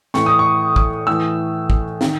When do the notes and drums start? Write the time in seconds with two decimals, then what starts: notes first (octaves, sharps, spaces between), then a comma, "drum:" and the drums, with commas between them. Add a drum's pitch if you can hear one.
0.14 A2 E3 C#6, drum: snare
0.26 D#6
0.39 C#6
0.76 drum: kick
1.07 A2 E3 E6
1.70 drum: kick
2.01 D#3, drum: snare